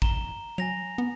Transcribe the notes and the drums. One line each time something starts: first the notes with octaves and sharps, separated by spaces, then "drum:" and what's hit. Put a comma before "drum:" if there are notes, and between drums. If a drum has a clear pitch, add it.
A#5 E7 G7, drum: kick
F#3 G#5 A#6 F7
B3